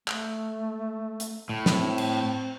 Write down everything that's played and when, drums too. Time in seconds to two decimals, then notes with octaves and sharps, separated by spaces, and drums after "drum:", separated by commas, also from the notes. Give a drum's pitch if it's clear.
0.08 A3, drum: clap
1.20 drum: hi-hat
1.49 A2
1.66 C4, drum: snare
1.98 drum: cymbal